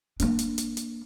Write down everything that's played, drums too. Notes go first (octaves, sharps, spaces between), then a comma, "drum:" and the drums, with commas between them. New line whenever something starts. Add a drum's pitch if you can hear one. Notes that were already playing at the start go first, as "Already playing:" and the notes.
A#3 D4, drum: hi-hat
drum: hi-hat
drum: hi-hat
drum: hi-hat